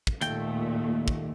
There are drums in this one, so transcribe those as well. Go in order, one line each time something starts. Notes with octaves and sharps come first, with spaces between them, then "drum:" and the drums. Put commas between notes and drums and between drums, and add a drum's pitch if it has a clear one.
drum: kick
D#2 A#2 A3 G5, drum: hi-hat
drum: kick